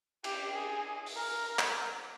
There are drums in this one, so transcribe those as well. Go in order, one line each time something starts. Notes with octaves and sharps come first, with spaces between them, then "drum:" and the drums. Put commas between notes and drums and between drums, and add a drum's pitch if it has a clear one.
G4, drum: cymbal
G#4
drum: open hi-hat
A#4
drum: clap